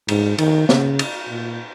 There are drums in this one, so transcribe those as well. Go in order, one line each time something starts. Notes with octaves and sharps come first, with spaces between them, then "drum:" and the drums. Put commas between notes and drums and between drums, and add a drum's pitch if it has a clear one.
G#2, drum: cymbal
D#3, drum: cymbal
C#3, drum: snare
drum: cymbal
A#2